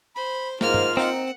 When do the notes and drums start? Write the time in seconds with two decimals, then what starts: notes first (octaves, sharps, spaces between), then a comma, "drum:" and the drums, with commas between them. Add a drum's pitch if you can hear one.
0.16 C5 B5
0.61 G#2 A#3 F4 F6, drum: snare
0.74 drum: tom
0.97 C4 D#4 F#5